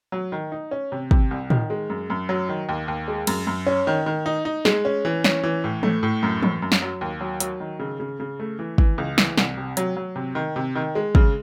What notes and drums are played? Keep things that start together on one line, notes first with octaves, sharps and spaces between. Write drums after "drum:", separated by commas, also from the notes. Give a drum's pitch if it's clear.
F#3
D#3
D#4
C#4
C3
C3, drum: kick
C2
D#3, drum: tom A2
G#3
F#2
F#2
F#3
D#3
D#2
D#2
G#3
F#2, drum: cymbal
F#2
C#4
D#3
D#3
D#4
D#4
G#3, drum: snare
C#4
E3
C#4, drum: snare
E3
A2
A3, drum: tom E3
A2
F#2
F#2, drum: tom E3
F#2
drum: snare
F#3
D#2
F#3
F#3, drum: hi-hat
D#3
C#3
C#3
C#3
A3
E3
E3, drum: kick
C#2
E3, drum: snare
C2, drum: snare
C3
F#3, drum: hi-hat
F#3
C3
D#3
C3
D#3
G#3
C#3, drum: kick